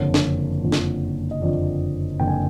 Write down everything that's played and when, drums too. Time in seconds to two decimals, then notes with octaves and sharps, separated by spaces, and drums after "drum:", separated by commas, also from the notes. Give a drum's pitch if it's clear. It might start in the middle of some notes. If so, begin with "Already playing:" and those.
Already playing: F#1 F2 D3 F3 C#5
0.14 drum: snare
0.63 F#1 F2 D3 F3
0.72 drum: snare
1.31 D#5
1.41 F#1 F2 D3 F3 D5
2.19 F#1 F2 D3 F3 G5
2.28 G#5